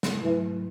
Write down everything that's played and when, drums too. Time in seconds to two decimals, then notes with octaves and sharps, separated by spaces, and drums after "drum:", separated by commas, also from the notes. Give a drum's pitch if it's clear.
0.03 drum: snare
0.22 G#2 E3 F#3 A3 E4